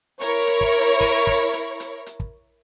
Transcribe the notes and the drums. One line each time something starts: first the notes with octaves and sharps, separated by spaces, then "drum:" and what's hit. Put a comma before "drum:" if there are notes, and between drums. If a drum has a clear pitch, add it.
E4 A#4 C#5, drum: hi-hat
drum: hi-hat
drum: kick
drum: kick, open hi-hat
drum: kick, hi-hat
drum: hi-hat
drum: hi-hat
drum: hi-hat
drum: kick